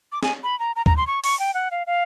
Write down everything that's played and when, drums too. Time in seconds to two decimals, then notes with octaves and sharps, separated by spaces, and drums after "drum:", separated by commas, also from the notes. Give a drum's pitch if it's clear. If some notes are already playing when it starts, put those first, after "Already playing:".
0.12 D6
0.23 G#5, drum: snare
0.43 B5
0.59 A#5
0.76 A#5
0.86 A#5, drum: kick
0.97 C6
1.07 C#6
1.24 C#6, drum: open hi-hat
1.39 G5
1.54 F#5
1.71 F5
1.87 F5